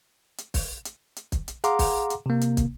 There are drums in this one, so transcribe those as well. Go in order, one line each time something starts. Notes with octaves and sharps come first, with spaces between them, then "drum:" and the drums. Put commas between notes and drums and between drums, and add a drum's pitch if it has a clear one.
drum: hi-hat
drum: kick, open hi-hat
drum: hi-hat
drum: hi-hat
drum: kick, hi-hat
drum: hi-hat
G#4 F5 F#5 A#5 C6 D6, drum: hi-hat
drum: kick, open hi-hat
drum: hi-hat
C3 A#3
drum: hi-hat
drum: kick, hi-hat